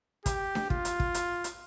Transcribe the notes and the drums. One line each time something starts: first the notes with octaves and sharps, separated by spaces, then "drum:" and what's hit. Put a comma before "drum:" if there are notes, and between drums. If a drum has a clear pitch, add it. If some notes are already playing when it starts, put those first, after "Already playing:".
G4, drum: kick, hi-hat
drum: snare D4
F4, drum: kick
drum: hi-hat
drum: kick
drum: hi-hat
drum: hi-hat